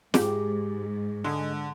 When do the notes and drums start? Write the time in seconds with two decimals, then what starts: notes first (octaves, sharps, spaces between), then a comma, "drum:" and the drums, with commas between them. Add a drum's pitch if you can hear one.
0.14 G#2 G4 G#4 D6, drum: snare
1.24 D3 G#3